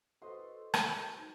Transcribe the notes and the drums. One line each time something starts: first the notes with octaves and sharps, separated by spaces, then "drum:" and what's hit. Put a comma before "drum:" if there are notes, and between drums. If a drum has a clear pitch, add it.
F#4 A4 B4 C5 D#5 C6
drum: rim click
D#4